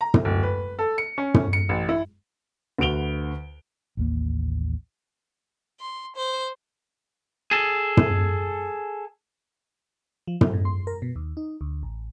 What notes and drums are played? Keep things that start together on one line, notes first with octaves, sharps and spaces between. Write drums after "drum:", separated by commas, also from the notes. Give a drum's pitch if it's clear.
A#5
drum: tom
D1
B4
A4
C#7
C#4
drum: tom
C#7
A1
E4
D2 F#4 B4 D7 F7 G7
A1 D#2 A#3
C6
C5
G#4 A4
drum: tom
F3
F#3, drum: tom
A2
C6
A#4
B2
D#2
D#4
D2
A1